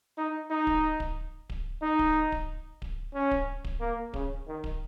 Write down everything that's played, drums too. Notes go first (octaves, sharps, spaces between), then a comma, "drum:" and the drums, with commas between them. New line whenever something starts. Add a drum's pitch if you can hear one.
D#4
D#4
drum: kick D1
drum: kick D1
drum: kick D1
D#4
drum: kick D1
drum: kick D1
drum: kick D1
C#4
drum: kick D1
drum: kick D1
A#3
C#3, drum: kick D1
D#3
drum: kick D1